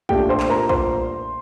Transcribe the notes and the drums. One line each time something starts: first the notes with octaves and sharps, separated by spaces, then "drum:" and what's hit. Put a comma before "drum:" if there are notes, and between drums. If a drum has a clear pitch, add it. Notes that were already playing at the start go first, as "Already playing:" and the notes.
A#2 A3 D4 F4 G4 G5, drum: kick
C5 C6
drum: clap
A#4 A#5
C5 C6, drum: kick